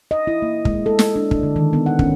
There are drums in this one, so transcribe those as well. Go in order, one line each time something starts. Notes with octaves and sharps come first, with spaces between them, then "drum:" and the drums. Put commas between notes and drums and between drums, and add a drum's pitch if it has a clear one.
D#5
E4
A#3
G#3, drum: kick
A4
drum: snare
D4
D4, drum: kick
D3
D#3
B3
F#5
C#4, drum: kick